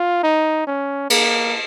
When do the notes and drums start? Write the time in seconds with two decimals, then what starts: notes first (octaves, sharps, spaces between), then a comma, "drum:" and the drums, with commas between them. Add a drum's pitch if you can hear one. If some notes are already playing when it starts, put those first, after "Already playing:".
Already playing: F4
0.24 D#4
0.67 C#4
1.10 A#3, drum: cymbal